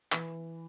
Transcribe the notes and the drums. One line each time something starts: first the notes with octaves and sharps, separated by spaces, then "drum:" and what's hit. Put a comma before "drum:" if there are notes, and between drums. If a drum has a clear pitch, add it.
E3, drum: clap